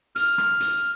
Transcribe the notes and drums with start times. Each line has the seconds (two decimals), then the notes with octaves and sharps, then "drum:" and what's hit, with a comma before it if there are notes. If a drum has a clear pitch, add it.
0.16 F6, drum: hi-hat
0.38 drum: rim click
0.60 drum: hi-hat